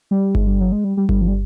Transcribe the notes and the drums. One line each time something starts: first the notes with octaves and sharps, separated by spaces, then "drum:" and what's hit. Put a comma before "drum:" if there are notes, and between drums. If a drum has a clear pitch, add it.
G3
G#3, drum: kick G1
G3
F#3
G#3
G3
G3
G3, drum: kick G1
F3
G3